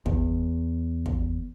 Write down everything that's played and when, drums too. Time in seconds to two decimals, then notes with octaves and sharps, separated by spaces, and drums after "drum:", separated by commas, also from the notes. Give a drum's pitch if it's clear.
0.06 E2, drum: kick
1.06 drum: kick